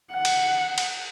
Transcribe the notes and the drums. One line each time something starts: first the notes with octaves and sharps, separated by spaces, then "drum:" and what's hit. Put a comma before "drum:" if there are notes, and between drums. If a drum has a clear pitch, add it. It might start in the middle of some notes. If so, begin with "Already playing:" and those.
F#5
drum: cymbal
drum: cymbal